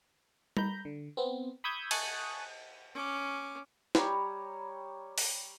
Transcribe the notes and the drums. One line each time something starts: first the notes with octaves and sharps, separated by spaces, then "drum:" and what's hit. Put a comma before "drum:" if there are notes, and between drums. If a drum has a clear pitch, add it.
A#5 B5 G6, drum: tom G3
D3
B3 C4
B5 C#6 D#6 E6 G6 G#6
G#5 A5 C#6 D#6 F#6, drum: cymbal
C#4 D6
G3 G4 C#5 A#5, drum: snare
drum: open hi-hat